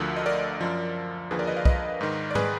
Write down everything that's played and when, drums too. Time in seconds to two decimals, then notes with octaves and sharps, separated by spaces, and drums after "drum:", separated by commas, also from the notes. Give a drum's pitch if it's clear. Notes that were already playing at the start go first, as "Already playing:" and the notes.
Already playing: D2 D3 F3 F#4 A#4
0.17 D#5
0.26 A#4 D5
0.61 F#2 F3
1.31 D#2 D3 F3 G#4 B4
1.39 A#4 D5
1.47 B4 D#5
1.57 D5 F5
1.65 B4 D#5, drum: kick
2.01 G#2 D#3
2.31 D5
2.35 G#4 B4, drum: tom G#2